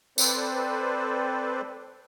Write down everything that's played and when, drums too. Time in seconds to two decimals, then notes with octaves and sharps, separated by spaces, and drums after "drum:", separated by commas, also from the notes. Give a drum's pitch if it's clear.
0.18 C4 A4 B4 C5 D5, drum: tambourine